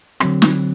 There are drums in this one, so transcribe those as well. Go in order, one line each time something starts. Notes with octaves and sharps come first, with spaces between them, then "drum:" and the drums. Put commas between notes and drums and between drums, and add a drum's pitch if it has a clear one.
D3 F#3 C4, drum: rim click
drum: snare